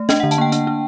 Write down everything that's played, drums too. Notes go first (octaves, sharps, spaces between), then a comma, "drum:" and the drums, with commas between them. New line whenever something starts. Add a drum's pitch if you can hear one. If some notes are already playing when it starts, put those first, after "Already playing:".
Already playing: A3
D4 D#5, drum: snare
D3 F#5
A5, drum: hi-hat
A#3 G5
D4, drum: hi-hat
D4